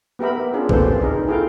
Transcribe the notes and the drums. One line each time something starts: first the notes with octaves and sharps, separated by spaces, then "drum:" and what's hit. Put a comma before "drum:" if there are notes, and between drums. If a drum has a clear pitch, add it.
B3 G4 A#4 E5 B5
C#4 D4 F4 G#4
A#3 C4 D4 A4 B4 C5, drum: kick A#1
G4
D#4 G#4 A#4
E4 F4 G#4 A4 F5 G5